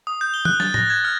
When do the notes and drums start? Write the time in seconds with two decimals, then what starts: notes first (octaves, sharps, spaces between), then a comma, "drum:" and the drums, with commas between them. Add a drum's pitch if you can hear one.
0.07 D#6
0.21 G6
0.34 G7
0.45 F#6, drum: tom D#3
0.60 A6, drum: snare
0.74 A#6, drum: tom A2
0.90 G#6
1.05 F6